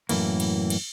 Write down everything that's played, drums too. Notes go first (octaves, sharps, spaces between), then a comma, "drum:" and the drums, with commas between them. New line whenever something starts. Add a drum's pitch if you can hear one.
F#2 A2 E3 A#3, drum: cymbal
drum: cymbal
drum: cymbal